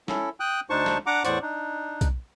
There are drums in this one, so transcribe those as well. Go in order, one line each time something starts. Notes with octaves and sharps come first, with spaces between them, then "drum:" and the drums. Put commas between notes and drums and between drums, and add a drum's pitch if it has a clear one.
C#4 E4 A4, drum: snare
G5 D#6 F#6
D2 D4 D#4 C5 A5 C#6
drum: snare
D4 F#5 A#5 D6
E2 A2 C5 D5 F#5 C#6, drum: hi-hat
D4 D#4
drum: kick B1, hi-hat